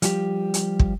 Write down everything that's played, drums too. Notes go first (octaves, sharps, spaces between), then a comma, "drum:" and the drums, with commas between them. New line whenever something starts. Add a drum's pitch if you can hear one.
F3 G3 G4, drum: hi-hat
drum: hi-hat
drum: kick